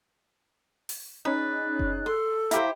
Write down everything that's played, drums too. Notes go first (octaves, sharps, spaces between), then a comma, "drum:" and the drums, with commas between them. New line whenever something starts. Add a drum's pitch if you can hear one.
drum: open hi-hat
C#4 D#4 G#4 B4 D5 F#6
drum: kick F#1
A4 C6
E4 G4 C5 F5 A#5 B5, drum: hi-hat